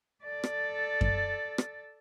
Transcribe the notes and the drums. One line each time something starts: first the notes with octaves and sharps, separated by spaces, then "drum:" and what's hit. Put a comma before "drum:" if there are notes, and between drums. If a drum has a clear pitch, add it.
A4 D5
drum: rim click
drum: kick F#2
drum: rim click